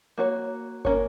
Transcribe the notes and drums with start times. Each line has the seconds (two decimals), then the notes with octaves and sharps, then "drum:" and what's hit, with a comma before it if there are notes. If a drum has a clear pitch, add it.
0.18 A#3 F#4 C#5
0.85 A#3 C#4 A#4 C#5, drum: kick G1